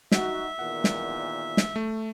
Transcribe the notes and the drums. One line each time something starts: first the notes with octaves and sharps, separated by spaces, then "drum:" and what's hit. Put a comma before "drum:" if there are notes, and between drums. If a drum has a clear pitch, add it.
D#4 F#4 E5, drum: snare
E2 A#2 D#3 F#5
drum: snare
drum: snare
A3